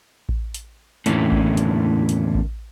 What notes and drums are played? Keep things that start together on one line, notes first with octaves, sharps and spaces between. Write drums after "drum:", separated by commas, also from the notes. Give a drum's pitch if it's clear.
drum: kick A1
drum: hi-hat
E2 A2 D3 A#3 C#4 E4, drum: hi-hat
drum: kick A1
drum: hi-hat
drum: hi-hat
drum: kick A1